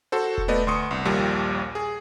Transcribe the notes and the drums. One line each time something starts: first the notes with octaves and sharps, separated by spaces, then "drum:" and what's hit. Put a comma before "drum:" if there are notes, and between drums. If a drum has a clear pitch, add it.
F#4 A4 C5
drum: kick E1
A3 B3 D5 D#5
D2 C6 C#6 D#6 C#7
C2
A#1 D#2 A#2 G3
G#4